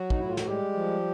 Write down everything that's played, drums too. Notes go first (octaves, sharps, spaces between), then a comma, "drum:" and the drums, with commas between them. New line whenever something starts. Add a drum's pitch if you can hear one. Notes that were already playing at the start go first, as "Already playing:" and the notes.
Already playing: F#3 F#4
D#4, drum: kick
A2 E4
F4
F#4, drum: snare
G3 G#3 G4
F3